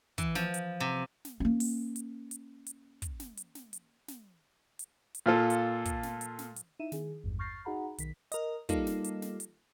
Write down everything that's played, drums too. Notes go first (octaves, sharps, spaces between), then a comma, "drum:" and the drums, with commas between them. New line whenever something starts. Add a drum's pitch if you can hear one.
E3, drum: kick, hi-hat
F3, drum: snare
drum: hi-hat
C3
drum: snare
A#3 C#4
drum: open hi-hat
drum: hi-hat
drum: hi-hat
drum: hi-hat
drum: kick, hi-hat
drum: snare
drum: hi-hat
drum: snare
drum: hi-hat
drum: snare
drum: hi-hat
drum: hi-hat
A#2 F4 A4
drum: hi-hat
drum: kick, hi-hat
drum: snare
drum: hi-hat
drum: snare
drum: hi-hat
D#4 E4 E5 D#7 E7
D#3 G#4, drum: snare
G#1 E2 G2
C#6 F6 G6 A6 A#6 C7
D#4 F#4 G#4 F#5 A#5 B5
B1 D#3 B6, drum: hi-hat
A#4 D#5, drum: hi-hat
G3 A#3 D#4 F4 A4, drum: kick, hi-hat
drum: snare
drum: hi-hat
drum: snare
drum: hi-hat